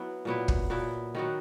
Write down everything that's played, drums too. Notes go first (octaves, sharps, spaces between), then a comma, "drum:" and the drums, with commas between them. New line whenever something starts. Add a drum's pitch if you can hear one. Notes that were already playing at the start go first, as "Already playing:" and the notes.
Already playing: F#3 B3 E4
A#2 F#3 B3 E4
drum: kick
A#2 F#3 B3 E4
D#3 F#3 B3 F#4